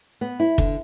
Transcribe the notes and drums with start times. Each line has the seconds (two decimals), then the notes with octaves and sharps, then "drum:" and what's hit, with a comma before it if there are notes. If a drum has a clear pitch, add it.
0.21 B3
0.40 E4
0.58 D3, drum: kick